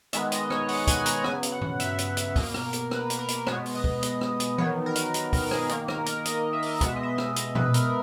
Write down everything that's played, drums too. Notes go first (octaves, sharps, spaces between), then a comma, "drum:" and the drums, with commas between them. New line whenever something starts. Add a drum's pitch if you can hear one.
D#3 G#3 B3 E5, drum: hi-hat
D#5, drum: hi-hat
C#5, drum: rim click
F#5, drum: open hi-hat
G#5, drum: kick, hi-hat
A#5, drum: hi-hat
C#3 F#3 B3 G#5, drum: rim click
drum: hi-hat
F#5
drum: tom G2
E5, drum: hi-hat
E5, drum: hi-hat
E5, drum: hi-hat
B2 A#3 D#5, drum: kick, open hi-hat
A#4, drum: rim click
drum: hi-hat
B4, drum: rim click
drum: hi-hat
A#4
drum: hi-hat
B2 G#3 B3 C#5, drum: rim click
drum: open hi-hat
D#5
drum: kick
D#5, drum: hi-hat
drum: rim click
drum: hi-hat
D#3 F#3 B3 C#5, drum: tom E3
A#4
drum: hi-hat
drum: hi-hat
A#4, drum: kick, open hi-hat
G#4, drum: rim click
D#3 A#3 A#4, drum: hi-hat
A#4, drum: rim click
A#4, drum: hi-hat
D#5, drum: hi-hat
E5
drum: open hi-hat
B2 G#3 B3 F#5, drum: kick, hi-hat
E5
D#5
E5
drum: rim click
D#5, drum: hi-hat
B4, drum: tom A#2
A#4, drum: hi-hat